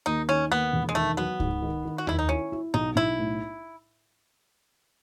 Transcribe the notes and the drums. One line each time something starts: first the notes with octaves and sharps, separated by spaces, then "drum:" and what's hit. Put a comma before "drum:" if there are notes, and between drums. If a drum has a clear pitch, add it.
D#2 D#4
D#3 C#4
D#2 B3
E1
G#3
D#3 A3
F#3 B3
G#2, drum: kick C#2
D#3
D#3
F#4
D#3 E4, drum: tom D#2
D#4
C#4 E4
E4
B1 D#4
B1 E4
A2